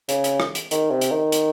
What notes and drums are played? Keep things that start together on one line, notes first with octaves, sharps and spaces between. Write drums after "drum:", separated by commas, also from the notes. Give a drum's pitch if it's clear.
C#3, drum: hi-hat
drum: hi-hat
drum: rim click
drum: hi-hat
D#3, drum: hi-hat
C3
drum: hi-hat
D#3
drum: hi-hat